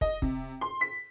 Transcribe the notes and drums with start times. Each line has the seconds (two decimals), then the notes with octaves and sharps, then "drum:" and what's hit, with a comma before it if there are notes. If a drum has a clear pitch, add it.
0.01 D#5, drum: kick
0.22 C3, drum: kick
0.61 C6
0.81 B6